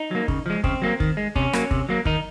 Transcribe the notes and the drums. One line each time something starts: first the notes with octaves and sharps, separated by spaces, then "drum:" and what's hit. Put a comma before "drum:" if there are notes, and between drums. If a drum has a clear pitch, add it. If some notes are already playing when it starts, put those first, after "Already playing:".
Already playing: D#4
F#3 A#3
C#3, drum: kick
F3 G#3
C#3 C4, drum: kick
F#3 A#3
D#3, drum: kick
G#3
C3 C#4, drum: kick
F#3 A#3, drum: rim click
C3, drum: kick
F#3 A#3
D#3 D#4, drum: kick